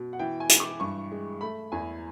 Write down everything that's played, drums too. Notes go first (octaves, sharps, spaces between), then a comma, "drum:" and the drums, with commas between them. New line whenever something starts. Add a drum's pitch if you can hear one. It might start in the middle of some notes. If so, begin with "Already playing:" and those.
Already playing: B2
F#5
E3 G5
G#5
E3, drum: hi-hat
D6
G2 C#6
G#3
A3 B5
E2 G#5